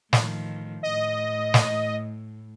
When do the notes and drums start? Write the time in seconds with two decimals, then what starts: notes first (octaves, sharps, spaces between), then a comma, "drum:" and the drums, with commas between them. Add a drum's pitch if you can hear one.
0.13 A2 D#3 F3, drum: snare
0.83 A2 D#5
1.54 drum: snare